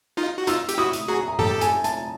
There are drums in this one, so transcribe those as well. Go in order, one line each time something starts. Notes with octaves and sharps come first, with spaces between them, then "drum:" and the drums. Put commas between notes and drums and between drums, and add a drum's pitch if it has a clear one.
D#4 F4
F#4
D#4 F4 E6, drum: hi-hat
G4, drum: hi-hat
E4 F#4 D#6
drum: hi-hat
F#4 G#4 A#5
A#5
G4 A4 A5, drum: tom F#2
G#5, drum: hi-hat
A5, drum: hi-hat